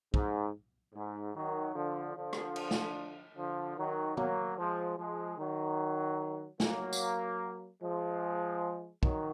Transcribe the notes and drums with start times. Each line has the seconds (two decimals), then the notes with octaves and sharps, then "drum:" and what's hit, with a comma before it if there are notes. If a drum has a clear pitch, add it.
0.14 G#2, drum: kick
0.95 G#2
1.35 D#3 F#3
1.76 D3 F3
2.16 D3 F3
2.33 drum: rim click
2.56 drum: cymbal
2.71 drum: snare
3.37 D3 F3
3.78 D#3 F#3
4.17 F#3 A#3, drum: tom
4.58 F3 G#3
4.98 F3 G#3
5.38 D#3 F#3
6.60 F#3 A#3, drum: snare
6.93 drum: tambourine
7.81 F3 G#3
9.03 D#3 F#3, drum: kick